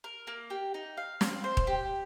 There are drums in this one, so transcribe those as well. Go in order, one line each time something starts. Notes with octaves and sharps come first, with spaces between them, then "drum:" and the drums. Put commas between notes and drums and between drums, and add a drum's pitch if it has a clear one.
A#4
A#3
G4
D#4
F5
C4, drum: snare
C5
drum: kick D#1
G4